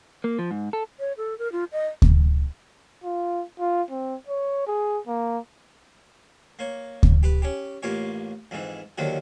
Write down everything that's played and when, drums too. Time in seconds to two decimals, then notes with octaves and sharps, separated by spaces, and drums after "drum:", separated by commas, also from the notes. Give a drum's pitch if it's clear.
0.24 A#3
0.39 F3
0.51 G#2
0.73 A4
1.00 C#5
1.18 A4
1.39 A#4
1.52 F4
1.72 D#5
2.02 drum: kick D2
3.04 F4
3.59 F4
3.91 C4
4.29 C#5
4.67 G#4
5.07 A#3
6.59 A#3 C#5
7.03 drum: kick D2
7.23 G4 B4
7.42 C#4 G4
7.83 A1 A#3 F4 G4 C#5
8.51 F2 G#2 E3
8.98 D#2 D3 D#3 F3 F#3